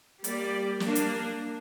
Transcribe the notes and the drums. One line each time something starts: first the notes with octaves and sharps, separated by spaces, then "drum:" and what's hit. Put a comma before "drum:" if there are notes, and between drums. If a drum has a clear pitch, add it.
G3 A#3 G4 D5, drum: hi-hat
A#3 D4 A#4, drum: snare
drum: hi-hat